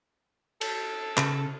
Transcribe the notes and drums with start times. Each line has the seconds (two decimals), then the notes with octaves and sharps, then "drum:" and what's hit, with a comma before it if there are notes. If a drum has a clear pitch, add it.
0.61 A4, drum: cymbal
1.17 C#3, drum: clap